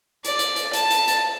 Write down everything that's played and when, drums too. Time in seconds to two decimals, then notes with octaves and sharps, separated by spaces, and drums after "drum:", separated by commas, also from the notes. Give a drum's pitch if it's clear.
0.25 D5, drum: hi-hat
0.39 drum: hi-hat
0.56 drum: hi-hat
0.73 A5, drum: hi-hat
0.91 drum: hi-hat
1.08 drum: hi-hat